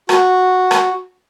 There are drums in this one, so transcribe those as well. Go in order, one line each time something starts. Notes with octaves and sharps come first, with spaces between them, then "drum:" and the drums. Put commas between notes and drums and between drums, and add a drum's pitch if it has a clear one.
F#4, drum: rim click
drum: rim click